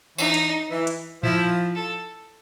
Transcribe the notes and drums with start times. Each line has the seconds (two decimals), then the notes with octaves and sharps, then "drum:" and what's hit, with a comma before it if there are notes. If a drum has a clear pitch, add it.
0.18 E3 D#4, drum: tambourine
0.34 drum: hi-hat
0.71 E3
0.87 drum: hi-hat
1.23 F3 E4, drum: tom A2
1.76 A4